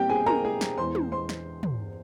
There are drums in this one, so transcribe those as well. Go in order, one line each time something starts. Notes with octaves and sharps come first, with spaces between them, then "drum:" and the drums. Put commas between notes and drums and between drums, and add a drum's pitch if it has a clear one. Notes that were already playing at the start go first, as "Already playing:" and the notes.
Already playing: A#2 G3 A#3 C4 G4 C5 G5
G#4 G#5
A#4 A#5, drum: tom
G#4 G#5
drum: snare
E2 E3 G#3 C5 C6
drum: tom
C5 C6
drum: snare
drum: tom